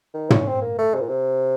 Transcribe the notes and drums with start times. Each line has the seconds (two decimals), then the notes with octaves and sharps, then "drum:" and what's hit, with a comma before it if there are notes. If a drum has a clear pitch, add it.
0.14 D#3
0.30 C#4, drum: tom
0.47 C4
0.62 A#3
0.78 A3
0.95 C3
1.01 A#2
1.09 C3